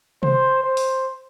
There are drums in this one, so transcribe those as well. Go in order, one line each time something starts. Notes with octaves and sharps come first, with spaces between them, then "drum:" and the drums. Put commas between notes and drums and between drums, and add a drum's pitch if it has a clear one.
C5, drum: tom C3
C5
drum: open hi-hat